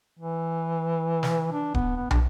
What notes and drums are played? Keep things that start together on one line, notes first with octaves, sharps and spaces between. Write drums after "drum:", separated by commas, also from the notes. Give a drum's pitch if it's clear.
E3
drum: snare
D4
B3, drum: kick D1
B3
D4, drum: tom